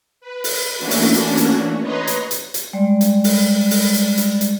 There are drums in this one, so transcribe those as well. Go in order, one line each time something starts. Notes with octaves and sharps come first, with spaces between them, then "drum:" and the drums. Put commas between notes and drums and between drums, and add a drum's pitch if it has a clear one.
B4
drum: open hi-hat
E3 A3 A#3 C#4 D4 F#4
drum: open hi-hat
drum: hi-hat
drum: hi-hat
B4 C#5 D#5 A#5 C6
drum: hi-hat
drum: hi-hat
drum: hi-hat
G3 G#3 D5
drum: hi-hat
drum: open hi-hat
drum: open hi-hat
drum: hi-hat
drum: hi-hat
drum: hi-hat